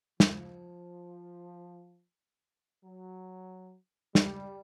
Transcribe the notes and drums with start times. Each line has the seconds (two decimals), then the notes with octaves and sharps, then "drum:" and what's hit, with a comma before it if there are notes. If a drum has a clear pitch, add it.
0.20 F3, drum: snare
2.84 F#3
4.15 G3, drum: snare